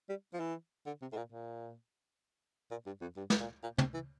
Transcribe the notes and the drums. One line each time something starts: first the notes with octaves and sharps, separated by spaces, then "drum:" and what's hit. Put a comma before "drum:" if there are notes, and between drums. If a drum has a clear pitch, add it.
G3
F3
E3
D3
C3
A2
A#2
A#2
A#2
G2
F2
G2
drum: snare
A#2
A#2
C3, drum: tom
E3